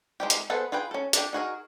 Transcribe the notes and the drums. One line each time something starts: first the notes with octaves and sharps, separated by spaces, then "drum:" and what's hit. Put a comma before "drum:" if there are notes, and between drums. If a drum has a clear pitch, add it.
G#3 D#4 G4
drum: hi-hat
B3 G#4 A4 B4 C5
F4 G#4 B4 G5
C#4 A4
D4 G4, drum: hi-hat
D#4 F#4 G#4 A#4